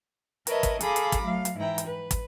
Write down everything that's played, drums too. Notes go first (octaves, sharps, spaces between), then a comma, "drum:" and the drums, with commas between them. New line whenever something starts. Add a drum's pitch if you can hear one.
A#4 B4 C#5 D#5 E5 A5, drum: hi-hat
drum: kick, hi-hat
G#4 A4 F5 A#5 B5 D6, drum: hi-hat
drum: hi-hat
drum: kick, hi-hat
F#3 A3 F5
drum: hi-hat
G#2 E3 E4 G5 A#5
drum: hi-hat
B4
drum: kick, hi-hat